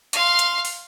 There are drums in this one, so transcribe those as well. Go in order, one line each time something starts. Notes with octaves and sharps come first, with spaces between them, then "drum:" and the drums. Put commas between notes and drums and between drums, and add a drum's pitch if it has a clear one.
F5 C6, drum: hi-hat
drum: hi-hat
drum: open hi-hat